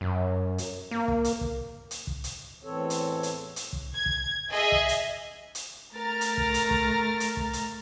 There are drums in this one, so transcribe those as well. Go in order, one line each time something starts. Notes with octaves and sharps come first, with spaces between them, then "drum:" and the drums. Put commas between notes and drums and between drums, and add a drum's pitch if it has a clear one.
F#2
drum: hi-hat
A#3
drum: kick
drum: hi-hat
drum: kick
drum: hi-hat
drum: kick
drum: hi-hat
E2 A2 E3 C4 A4 C#5
drum: hi-hat
drum: hi-hat
drum: hi-hat
drum: kick
G#6
drum: kick
G#4 D#5 E5
drum: kick
drum: hi-hat
drum: hi-hat
A3 A#4 A#5 F6 A6
drum: hi-hat
drum: kick
drum: hi-hat
drum: kick
drum: hi-hat
drum: kick
drum: hi-hat